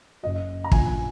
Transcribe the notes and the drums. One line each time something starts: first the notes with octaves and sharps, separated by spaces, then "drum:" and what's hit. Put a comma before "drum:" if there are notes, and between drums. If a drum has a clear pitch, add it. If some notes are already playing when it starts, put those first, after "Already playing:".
F#1 F#2 F#3 D#5
A#5
A#1 A#2 F#3 G#5, drum: kick
G#5